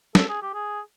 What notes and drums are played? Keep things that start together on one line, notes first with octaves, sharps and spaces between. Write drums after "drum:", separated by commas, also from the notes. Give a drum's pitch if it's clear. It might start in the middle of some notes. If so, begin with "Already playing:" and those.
A4, drum: snare
G#4
G4
G#4